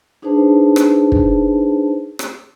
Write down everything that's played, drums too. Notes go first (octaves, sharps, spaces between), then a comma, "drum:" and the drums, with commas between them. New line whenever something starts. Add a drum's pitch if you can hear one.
D4 D#4 G#4 B4 C5 A5
drum: rim click
drum: kick
drum: rim click